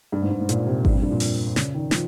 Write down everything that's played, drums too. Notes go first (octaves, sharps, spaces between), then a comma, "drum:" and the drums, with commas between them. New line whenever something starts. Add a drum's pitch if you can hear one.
G2
G#2
G2
G#2
A#2, drum: hi-hat
C3
G2, drum: kick G#1
F2
G2
A#2
drum: open hi-hat
C#3, drum: snare
D#3
F3, drum: snare